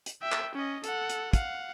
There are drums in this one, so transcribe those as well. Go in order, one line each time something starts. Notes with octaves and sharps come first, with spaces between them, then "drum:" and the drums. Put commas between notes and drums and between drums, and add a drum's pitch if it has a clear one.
drum: hi-hat
E5 G5
drum: clap
C#4 D#5
A4 F#5, drum: hi-hat
drum: hi-hat
F5 F#5, drum: kick, hi-hat